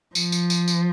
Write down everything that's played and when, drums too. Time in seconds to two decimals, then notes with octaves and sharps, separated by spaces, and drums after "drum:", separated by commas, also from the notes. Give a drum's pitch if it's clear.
0.15 F3, drum: tambourine
0.32 drum: tambourine
0.50 drum: tambourine
0.68 drum: tambourine